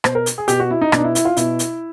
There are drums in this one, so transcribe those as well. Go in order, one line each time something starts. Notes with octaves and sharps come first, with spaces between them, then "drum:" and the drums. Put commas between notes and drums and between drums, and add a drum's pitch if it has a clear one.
B2 C5, drum: rim click
A#4
drum: hi-hat
G#4
B2 G4, drum: hi-hat
F#4
E4
D#4
B2 D4, drum: rim click
D#4
E4
E4, drum: hi-hat
F4
B2 E4, drum: hi-hat
drum: hi-hat